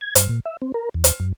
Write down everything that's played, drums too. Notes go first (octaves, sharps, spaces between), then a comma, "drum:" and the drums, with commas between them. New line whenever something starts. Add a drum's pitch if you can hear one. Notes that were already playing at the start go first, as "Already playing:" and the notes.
G#6
G2, drum: hi-hat
A#2
E5
C4
A#4
E2
drum: hi-hat
F#2